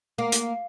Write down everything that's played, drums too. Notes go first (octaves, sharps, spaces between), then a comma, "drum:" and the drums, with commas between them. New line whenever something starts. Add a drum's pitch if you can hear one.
A#3
drum: hi-hat